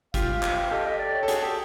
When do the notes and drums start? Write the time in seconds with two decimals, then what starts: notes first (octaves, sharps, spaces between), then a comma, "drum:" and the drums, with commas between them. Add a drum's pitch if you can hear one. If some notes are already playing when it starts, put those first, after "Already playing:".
0.14 F4 G4 F5, drum: kick G1, hi-hat
0.43 drum: clap
0.71 G4 A4 D#5
0.85 D#5
0.99 D5
1.13 C#5
1.23 A4
1.28 F#4 G#4, drum: hi-hat
1.42 G4 A4